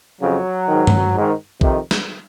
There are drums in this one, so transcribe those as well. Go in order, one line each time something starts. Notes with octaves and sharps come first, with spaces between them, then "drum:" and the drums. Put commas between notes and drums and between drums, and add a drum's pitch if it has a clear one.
F2 C#3 F#3
G#2 D#3
drum: tom G2
G#2 D#3
F2 C3 D#3, drum: kick A#1
drum: snare